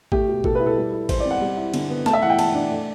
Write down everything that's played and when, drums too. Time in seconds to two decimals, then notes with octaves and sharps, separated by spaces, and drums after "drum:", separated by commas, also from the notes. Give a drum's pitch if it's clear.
0.12 A3 G4, drum: kick A1
0.28 B2
0.44 B2 A4, drum: kick A1
0.55 B4
0.60 E4
0.66 A4
0.77 G3
0.93 E4
1.09 E3 C5, drum: kick A1, cymbal
1.20 D5
1.25 C4
1.31 F#5
1.41 G3
1.57 E4
1.74 D3, drum: cymbal
1.90 B3
2.06 A3 A5, drum: snare
2.13 E5
2.22 E3 F#5
2.30 G5
2.39 E3 A5, drum: cymbal
2.54 D4
2.71 A3